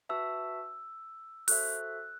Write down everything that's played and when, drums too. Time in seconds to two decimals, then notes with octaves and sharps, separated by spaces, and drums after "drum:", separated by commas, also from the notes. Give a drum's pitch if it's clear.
0.09 F#4 B4 E5 A5 E6
1.48 F#4 A4 C5 E5 F#6, drum: open hi-hat